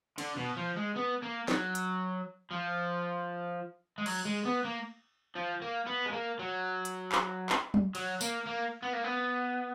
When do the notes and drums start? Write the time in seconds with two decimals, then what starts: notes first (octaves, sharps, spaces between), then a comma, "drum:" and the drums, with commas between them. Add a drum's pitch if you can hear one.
0.18 D3, drum: cymbal
0.37 B2
0.57 F3
0.76 G#3
0.96 B3
1.22 A#3
1.48 F#3, drum: snare
1.75 drum: hi-hat
2.51 F3
3.98 G#3
4.06 F#3, drum: cymbal
4.25 G#3
4.45 B3
4.64 A#3
5.36 F3
5.62 A#3
5.87 B3
6.06 G#3
6.13 A#3
6.39 F#3
6.85 drum: hi-hat
7.12 drum: clap
7.49 drum: clap
7.74 drum: tom F#3
7.95 F#3, drum: cymbal
8.21 A#3, drum: tambourine
8.46 A#3
8.82 B3
8.93 A#3
9.04 B3